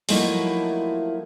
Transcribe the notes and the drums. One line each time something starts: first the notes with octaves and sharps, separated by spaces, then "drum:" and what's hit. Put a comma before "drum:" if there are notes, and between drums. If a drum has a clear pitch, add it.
F3 F#3 A3 A#3 D#4 E4, drum: open hi-hat